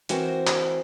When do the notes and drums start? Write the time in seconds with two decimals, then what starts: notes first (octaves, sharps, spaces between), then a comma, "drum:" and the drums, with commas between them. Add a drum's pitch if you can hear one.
0.09 E3 C4 F#4 A#4 C5 E5, drum: hi-hat
0.47 drum: clap